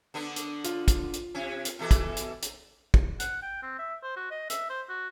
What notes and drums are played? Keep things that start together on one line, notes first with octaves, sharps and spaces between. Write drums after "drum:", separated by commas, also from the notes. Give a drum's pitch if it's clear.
D3 B3 D4
drum: hi-hat
F4, drum: hi-hat
drum: kick, hi-hat
drum: hi-hat
C3 C#4
drum: hi-hat
B2 E3 A4
drum: kick, hi-hat
drum: hi-hat
drum: hi-hat
drum: kick
F#5, drum: hi-hat
G5
C4
E5
C5
F#4
D#5
E5, drum: hi-hat
C5
F#4